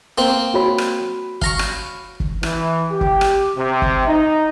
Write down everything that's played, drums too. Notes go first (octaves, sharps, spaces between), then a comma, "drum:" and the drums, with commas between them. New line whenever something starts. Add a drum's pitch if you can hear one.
A#3 C4
F#4 C#5 B5
drum: rim click
F5 A#5 C#6, drum: kick
drum: rim click
drum: kick
E3, drum: rim click
G4
drum: kick
drum: rim click
C3
drum: kick
D#4